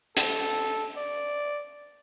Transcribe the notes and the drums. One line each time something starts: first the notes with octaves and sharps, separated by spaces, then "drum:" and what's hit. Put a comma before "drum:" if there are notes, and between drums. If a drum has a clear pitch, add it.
A4, drum: hi-hat
D5